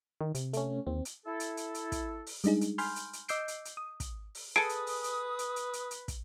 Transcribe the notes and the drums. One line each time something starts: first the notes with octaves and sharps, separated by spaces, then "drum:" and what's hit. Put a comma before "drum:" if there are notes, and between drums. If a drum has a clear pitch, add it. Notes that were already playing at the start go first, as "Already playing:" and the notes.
D#3
C3, drum: hi-hat
A3 C#4, drum: hi-hat
D#2 C4
drum: hi-hat
E4 A4
drum: hi-hat
drum: hi-hat
drum: hi-hat
drum: kick, hi-hat
drum: open hi-hat
G3 G#3 D4 D#4 G#4, drum: hi-hat
drum: hi-hat
G#5 B5 C6 F6 G6, drum: open hi-hat
drum: hi-hat
drum: hi-hat
D#5 D6 E6 G6 C7 D7, drum: hi-hat
drum: hi-hat
drum: hi-hat
D#6
drum: kick, hi-hat
drum: open hi-hat
G#4 A4 B4 D#6 D7
drum: hi-hat
drum: open hi-hat
drum: hi-hat
drum: hi-hat
drum: hi-hat
drum: hi-hat
drum: hi-hat
drum: kick, hi-hat